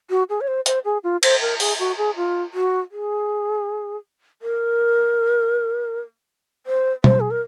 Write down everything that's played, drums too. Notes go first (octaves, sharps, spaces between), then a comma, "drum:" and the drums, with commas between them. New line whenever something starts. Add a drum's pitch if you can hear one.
F#4
G#4
C#5
C5
C5, drum: hi-hat
G#4
F4
C5, drum: cymbal
A#4
G#4, drum: open hi-hat
F#4
G#4
F4
F#4
G#4
A#4
C5
C5, drum: tom
G#4
A#4